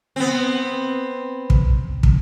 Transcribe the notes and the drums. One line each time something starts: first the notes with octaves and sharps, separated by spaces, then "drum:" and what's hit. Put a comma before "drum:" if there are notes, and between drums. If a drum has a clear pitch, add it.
B3 C4
drum: kick
drum: kick